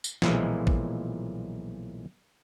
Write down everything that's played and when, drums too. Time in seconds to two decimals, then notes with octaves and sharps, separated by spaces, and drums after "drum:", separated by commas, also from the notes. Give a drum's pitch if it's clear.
0.04 drum: tambourine
0.22 B1 A#2 E3 F3 G#3, drum: snare
0.67 drum: kick